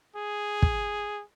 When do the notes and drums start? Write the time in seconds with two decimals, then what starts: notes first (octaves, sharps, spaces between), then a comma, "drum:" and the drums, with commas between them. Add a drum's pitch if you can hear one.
0.16 G#4
0.62 drum: kick